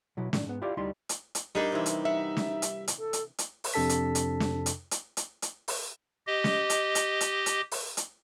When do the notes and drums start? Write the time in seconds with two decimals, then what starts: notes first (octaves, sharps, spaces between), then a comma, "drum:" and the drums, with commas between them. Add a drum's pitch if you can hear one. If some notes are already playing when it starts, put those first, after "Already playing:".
0.17 B2 F#3 E4
0.33 A2 D#3 D4, drum: snare
0.46 G#2 B3
0.62 E4 F4 G4 D5 F5
0.77 D2 G3 D#4 E4 C6
1.09 drum: hi-hat
1.35 drum: hi-hat
1.55 G3 A#3 D4 D#4
1.72 C3 E3 D#4
1.86 drum: hi-hat
2.05 E5 F#5
2.37 drum: snare
2.62 drum: hi-hat
2.88 drum: hi-hat
2.99 A4
3.13 drum: hi-hat
3.38 drum: hi-hat
3.64 drum: open hi-hat
3.74 F2 C3 D4 A4 A5 B6
3.89 drum: hi-hat
4.15 drum: hi-hat
4.40 drum: snare
4.66 drum: hi-hat
4.91 drum: hi-hat
5.17 drum: hi-hat
5.42 drum: hi-hat
5.68 drum: open hi-hat
6.27 G4 D#5
6.44 drum: snare
6.70 drum: hi-hat
6.95 drum: hi-hat
7.21 drum: hi-hat
7.46 drum: hi-hat
7.71 drum: open hi-hat
7.97 drum: hi-hat